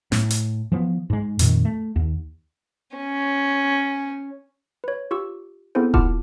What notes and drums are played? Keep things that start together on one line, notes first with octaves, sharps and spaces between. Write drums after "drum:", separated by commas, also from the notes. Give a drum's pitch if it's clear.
A2, drum: snare
drum: hi-hat
E3 F3 B3
G#2 G#3
F2 A#2 D#3, drum: hi-hat
A3
D#2
C#4
B4 C#5
F4 G4 C#6 E6
B3 C4 E4 G#4 A4 C5
E4 F4 F#5 A5 D6 F6, drum: kick D#1